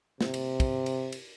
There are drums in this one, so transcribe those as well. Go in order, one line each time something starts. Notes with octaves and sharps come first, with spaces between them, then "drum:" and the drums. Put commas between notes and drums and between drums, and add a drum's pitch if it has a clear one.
C3, drum: snare
drum: cymbal
drum: kick, cymbal
drum: cymbal
drum: cymbal